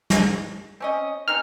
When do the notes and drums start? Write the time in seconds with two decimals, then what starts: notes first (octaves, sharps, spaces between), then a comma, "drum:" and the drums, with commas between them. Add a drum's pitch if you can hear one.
0.10 drum: snare
0.80 C4 C#4 D#5
1.28 C4 D#4 G#4 F6